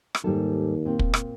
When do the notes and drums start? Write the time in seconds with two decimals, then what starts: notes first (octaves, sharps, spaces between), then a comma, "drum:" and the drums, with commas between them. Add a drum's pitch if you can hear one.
0.15 drum: rim click
0.24 D#2 G#2 G3 A4
0.85 A#2 C4
0.99 drum: kick
1.14 drum: rim click